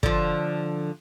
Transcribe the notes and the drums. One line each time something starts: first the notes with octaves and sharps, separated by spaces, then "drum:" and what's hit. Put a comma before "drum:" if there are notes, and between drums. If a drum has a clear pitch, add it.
D3 F3, drum: kick